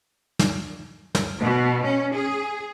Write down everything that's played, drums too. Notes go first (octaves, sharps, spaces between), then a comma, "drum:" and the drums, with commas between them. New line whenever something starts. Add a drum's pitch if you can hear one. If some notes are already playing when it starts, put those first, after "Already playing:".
drum: snare
drum: snare
B2
C#4
G#4